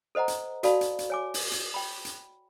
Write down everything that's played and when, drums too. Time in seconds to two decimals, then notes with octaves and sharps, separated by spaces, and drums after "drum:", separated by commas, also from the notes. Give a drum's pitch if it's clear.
0.15 A4 C5 D#5 F#5 A#5
0.28 drum: hi-hat
0.63 F#4 A4 D5 F5 A5 B5, drum: hi-hat
0.81 drum: hi-hat
0.99 drum: hi-hat
1.10 C#5 G#5 D6
1.34 drum: open hi-hat
1.52 drum: hi-hat
1.74 G5 B5
2.05 drum: hi-hat